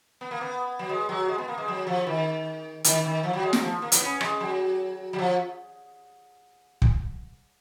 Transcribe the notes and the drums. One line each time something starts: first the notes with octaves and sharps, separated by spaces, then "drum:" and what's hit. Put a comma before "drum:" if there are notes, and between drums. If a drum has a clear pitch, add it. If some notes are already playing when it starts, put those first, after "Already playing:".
B3
A#3
B3
F#3
G#3
F#3
G#3
B3
A#3
G#3
F#3
F3
D#3
D#3, drum: hi-hat
D#3
F3
F#3
G#3
F#3, drum: snare
F3
A#3
B3, drum: hi-hat
C#4
G#3, drum: rim click
F#3
F#3
F3
drum: kick